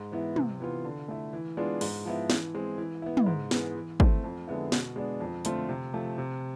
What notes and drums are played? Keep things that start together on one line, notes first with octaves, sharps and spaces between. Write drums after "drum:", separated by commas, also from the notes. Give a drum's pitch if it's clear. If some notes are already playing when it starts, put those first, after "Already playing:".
Already playing: G#2
E3 B3 E4
C3, drum: tom
E3 B3 F4
D3
A3 E4
E3
G#3 B3 D4 F4
G#2, drum: open hi-hat
F3 B3 E4
E3, drum: snare
G#3 C4
E3
B3 E4
drum: tom
G#2
E3 G#3 B3, drum: snare
E3
A3 C4, drum: kick
F2
D3 G#3 B3 E4
B2, drum: snare
G#3 B3 D4
F2
D3 A3 C4 F4, drum: hi-hat
C3
F3 A3
C3